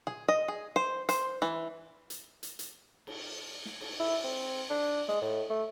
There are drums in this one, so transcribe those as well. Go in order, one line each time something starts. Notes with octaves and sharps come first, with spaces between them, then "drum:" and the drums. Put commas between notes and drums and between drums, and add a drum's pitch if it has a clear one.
G#4, drum: tom
D#5
G#4
C5
C5, drum: hi-hat
E3, drum: snare
drum: hi-hat
drum: hi-hat
drum: hi-hat
drum: cymbal
drum: snare
drum: cymbal
E4, drum: cymbal
C4
D4
G#3, drum: snare
A2
A3